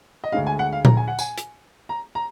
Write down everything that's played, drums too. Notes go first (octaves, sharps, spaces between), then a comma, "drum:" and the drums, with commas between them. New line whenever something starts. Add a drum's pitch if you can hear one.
D#5
D2 D3 G#3 F5
G#5
F#5
F5
A#5, drum: tom A#2
G#5
F#5
G#5, drum: tambourine
drum: hi-hat
A#5
A#5